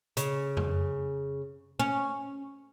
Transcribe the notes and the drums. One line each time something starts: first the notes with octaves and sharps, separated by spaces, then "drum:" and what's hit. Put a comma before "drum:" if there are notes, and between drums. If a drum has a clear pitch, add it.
C#3, drum: hi-hat
drum: tom F2
C#4